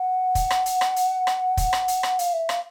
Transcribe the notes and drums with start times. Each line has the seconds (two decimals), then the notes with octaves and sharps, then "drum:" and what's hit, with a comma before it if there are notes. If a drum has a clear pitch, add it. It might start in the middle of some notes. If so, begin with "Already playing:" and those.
Already playing: F#5
0.35 drum: kick, hi-hat
0.50 drum: rim click
0.66 drum: hi-hat
0.81 drum: rim click
0.96 drum: hi-hat
1.27 drum: rim click
1.57 drum: kick, hi-hat
1.73 drum: rim click
1.88 drum: hi-hat
2.03 drum: rim click
2.19 F5, drum: hi-hat
2.33 E5
2.49 F5, drum: rim click